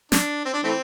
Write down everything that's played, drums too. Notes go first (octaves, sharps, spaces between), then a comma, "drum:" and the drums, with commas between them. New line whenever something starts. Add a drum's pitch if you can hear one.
D4, drum: snare
C4
D4
E3 A3 C4